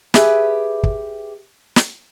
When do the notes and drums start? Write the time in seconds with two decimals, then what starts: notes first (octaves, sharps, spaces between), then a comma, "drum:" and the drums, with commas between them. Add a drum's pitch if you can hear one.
0.14 G4 G#4 B4 E5 G#5, drum: snare
0.83 drum: kick
1.76 drum: snare